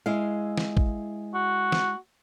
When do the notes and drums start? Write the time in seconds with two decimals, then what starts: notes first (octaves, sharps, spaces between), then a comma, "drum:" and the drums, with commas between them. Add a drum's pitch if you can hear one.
0.06 G#3 E4 F5
0.57 drum: snare
0.77 drum: kick
1.34 F#4
1.72 drum: snare